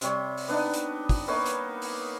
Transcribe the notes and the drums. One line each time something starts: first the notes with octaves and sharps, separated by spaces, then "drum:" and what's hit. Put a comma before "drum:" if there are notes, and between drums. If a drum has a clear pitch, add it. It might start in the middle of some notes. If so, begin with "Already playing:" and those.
C3 G3 C#5, drum: hi-hat
drum: open hi-hat
B3 D4 D#4
drum: hi-hat
drum: kick, open hi-hat
A#3 B3 D#4 C#5
drum: hi-hat
drum: open hi-hat